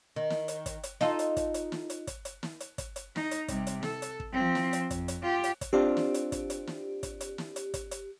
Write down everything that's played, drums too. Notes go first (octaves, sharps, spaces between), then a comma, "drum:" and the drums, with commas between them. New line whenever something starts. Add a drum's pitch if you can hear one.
D#3
drum: snare
drum: hi-hat
drum: kick, hi-hat
drum: hi-hat
D#4 F4 A4, drum: snare
drum: hi-hat
drum: kick, hi-hat
drum: hi-hat
drum: snare
drum: hi-hat
drum: kick, hi-hat
drum: hi-hat
drum: snare
drum: hi-hat
drum: kick, hi-hat
drum: hi-hat
D#4, drum: snare
drum: hi-hat
C3 G3, drum: kick, hi-hat
drum: hi-hat
A4, drum: snare
drum: hi-hat
drum: kick
F3 C4
drum: snare
drum: hi-hat
F2, drum: kick, hi-hat
drum: hi-hat
F4 G4
drum: hi-hat
drum: kick, hi-hat
C4 D4 F4 G4
drum: snare
drum: hi-hat
drum: kick, hi-hat
drum: hi-hat
drum: snare
drum: kick, hi-hat
drum: hi-hat
drum: snare
drum: hi-hat
drum: kick, hi-hat
drum: hi-hat